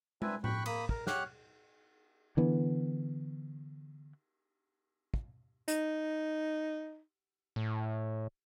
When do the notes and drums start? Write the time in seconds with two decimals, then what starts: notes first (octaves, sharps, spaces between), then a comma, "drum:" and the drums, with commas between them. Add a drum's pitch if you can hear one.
0.22 C4 D4 B4 E5 G#5, drum: tom
0.44 G5 B5 C#6 F#6, drum: tom A2
0.66 A#3 B5 D#6, drum: cymbal
0.89 A#4, drum: kick
1.07 G4 C#5 F#5 F6 F#6, drum: snare
2.37 D3 E3 B3
5.14 drum: kick
5.68 D#4, drum: hi-hat
7.56 A2